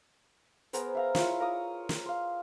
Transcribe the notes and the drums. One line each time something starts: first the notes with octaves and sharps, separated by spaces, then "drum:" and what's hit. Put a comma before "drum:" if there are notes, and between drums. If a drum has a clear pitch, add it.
B3 G#4 A#4 C5, drum: hi-hat
E5 F5 A#5
E4 F4 C#5 F5, drum: snare
A#4 F5 D#6
drum: snare
F5 C6